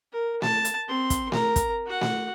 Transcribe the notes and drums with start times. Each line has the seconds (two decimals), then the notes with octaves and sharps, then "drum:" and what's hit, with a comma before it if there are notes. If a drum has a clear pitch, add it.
0.13 A#4
0.42 A5, drum: snare A3
0.65 drum: hi-hat
0.88 C4 C6
1.10 drum: kick, hi-hat
1.32 A#4 A#5, drum: snare A3
1.56 drum: kick, hi-hat
1.86 F#4 F#5
2.01 drum: snare A3